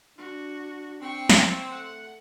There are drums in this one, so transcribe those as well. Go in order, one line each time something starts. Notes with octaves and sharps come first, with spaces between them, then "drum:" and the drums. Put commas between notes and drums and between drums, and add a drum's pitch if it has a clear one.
D4 F#4
C4 G5 C#6
drum: snare
A3 F#5